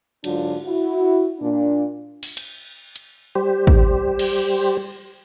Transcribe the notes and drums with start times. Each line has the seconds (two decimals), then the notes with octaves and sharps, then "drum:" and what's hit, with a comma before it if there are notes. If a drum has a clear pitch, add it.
0.24 G#2 D3 F#3 D4 F4, drum: cymbal
0.63 E4 F#4
1.40 A#2 D4
2.23 drum: open hi-hat
2.37 drum: cymbal
2.96 drum: hi-hat
3.35 G3 G4 C5
3.67 drum: kick
4.19 drum: cymbal